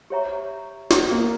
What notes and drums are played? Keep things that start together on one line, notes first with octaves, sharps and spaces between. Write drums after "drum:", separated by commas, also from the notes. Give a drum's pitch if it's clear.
G4 C#5 E5 A#5 C#6
drum: snare
A#3